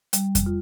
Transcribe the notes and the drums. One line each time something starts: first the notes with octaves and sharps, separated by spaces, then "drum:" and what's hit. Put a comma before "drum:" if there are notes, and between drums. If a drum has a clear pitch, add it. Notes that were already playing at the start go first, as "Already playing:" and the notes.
G3, drum: hi-hat
drum: kick F2, hi-hat
F4